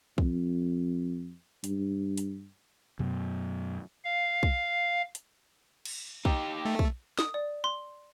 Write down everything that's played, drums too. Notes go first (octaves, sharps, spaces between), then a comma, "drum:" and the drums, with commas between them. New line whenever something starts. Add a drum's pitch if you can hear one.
F2, drum: kick
G2, drum: hi-hat
drum: hi-hat
F#2 B2, drum: tom B2
F5
drum: kick
drum: hi-hat
drum: cymbal
D#4 G4, drum: kick
A3
drum: kick
D#6, drum: snare
D5
C6